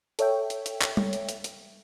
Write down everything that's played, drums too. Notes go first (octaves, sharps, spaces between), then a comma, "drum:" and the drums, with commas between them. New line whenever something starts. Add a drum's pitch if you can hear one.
A4 C#5 E5 G5, drum: hi-hat
drum: hi-hat
drum: hi-hat
drum: clap
drum: tom G3
drum: hi-hat
drum: hi-hat
drum: hi-hat